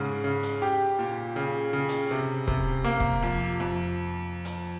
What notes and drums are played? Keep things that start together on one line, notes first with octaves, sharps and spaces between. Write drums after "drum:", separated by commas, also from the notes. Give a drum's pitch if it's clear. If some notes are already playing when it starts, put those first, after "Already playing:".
Already playing: G#2 C#3
C#3
drum: hi-hat
G4
A#2
C#3
C#3
drum: hi-hat
C3
C3, drum: kick E1
A#3
drum: kick E1
F2
F2
drum: hi-hat